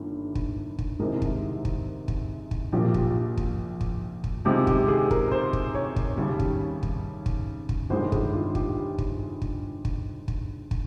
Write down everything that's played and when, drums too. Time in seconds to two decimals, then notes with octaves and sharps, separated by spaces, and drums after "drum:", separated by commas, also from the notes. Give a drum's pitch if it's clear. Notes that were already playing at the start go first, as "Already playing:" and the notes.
Already playing: G1 G2 D#3 A#3
0.35 drum: kick
0.79 drum: kick
0.99 C2 C3 D#3 G#3 A#4
1.22 drum: kick
1.65 drum: kick
2.08 drum: kick
2.51 drum: kick
2.72 A#1 A#2 F3 A#3 G4
2.94 drum: kick
3.37 drum: kick
3.81 drum: kick
4.24 drum: kick
4.45 C#2 C3 D#3 G#3 G4
4.67 G4, drum: kick
4.88 G#4
5.11 A#4, drum: kick
5.32 C5
5.53 drum: kick
5.75 C#5
5.96 drum: kick
6.17 D#2 C#3 G3
6.39 drum: kick
6.83 drum: kick
7.26 drum: kick
7.69 drum: kick
7.90 G1 G2 D#3 G#3 C5
8.12 G#4, drum: kick
8.33 F4
8.55 G4, drum: kick
8.98 drum: kick
9.42 drum: kick
9.85 drum: kick
10.28 drum: kick
10.71 drum: kick